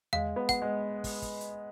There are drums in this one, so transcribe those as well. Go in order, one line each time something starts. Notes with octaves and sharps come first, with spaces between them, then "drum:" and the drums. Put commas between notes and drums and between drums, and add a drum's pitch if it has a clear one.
G#3 F5, drum: tom E2
B3
F#5, drum: kick, hi-hat
G#3
drum: kick, open hi-hat
drum: kick, hi-hat
drum: hi-hat